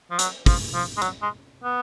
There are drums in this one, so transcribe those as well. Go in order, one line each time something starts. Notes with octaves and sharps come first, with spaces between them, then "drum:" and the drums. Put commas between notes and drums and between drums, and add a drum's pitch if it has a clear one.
F3
F#3, drum: hi-hat
F3, drum: kick, open hi-hat
F3
G#3
F#3, drum: hi-hat
G#3
B3